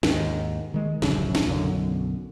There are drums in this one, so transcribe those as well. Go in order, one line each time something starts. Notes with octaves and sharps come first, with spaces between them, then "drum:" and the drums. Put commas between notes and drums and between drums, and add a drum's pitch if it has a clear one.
D#2 G#2 D#3, drum: snare
D#3 G#3
D1 A#1 F#2 C#3, drum: snare
drum: snare
B1 F#2 D3 D4